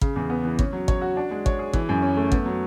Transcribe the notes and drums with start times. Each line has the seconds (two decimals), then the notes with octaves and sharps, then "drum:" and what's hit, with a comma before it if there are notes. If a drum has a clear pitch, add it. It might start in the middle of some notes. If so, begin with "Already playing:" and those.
0.01 C#3, drum: kick
0.16 E2
0.30 B3
0.45 E3
0.59 C#4, drum: kick
0.73 F#3
0.88 C#5, drum: kick
1.01 F#4
1.17 D4
1.31 G#3
1.46 C#5, drum: kick
1.59 G#4
1.73 E3, drum: kick
1.89 F#2
2.02 C#4
2.17 A3
2.32 B3, drum: kick
2.46 F#3